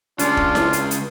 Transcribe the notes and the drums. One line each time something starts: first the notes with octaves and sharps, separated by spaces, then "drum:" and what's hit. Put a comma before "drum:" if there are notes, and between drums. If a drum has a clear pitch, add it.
C#3 G#3 D4 F4, drum: hi-hat
drum: kick
drum: snare E4
drum: hi-hat
drum: hi-hat